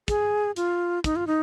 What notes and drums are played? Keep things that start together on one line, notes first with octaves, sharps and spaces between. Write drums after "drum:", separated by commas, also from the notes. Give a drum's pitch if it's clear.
G#4, drum: kick, hi-hat
F4, drum: hi-hat
D#4, drum: kick, hi-hat
F4
D#4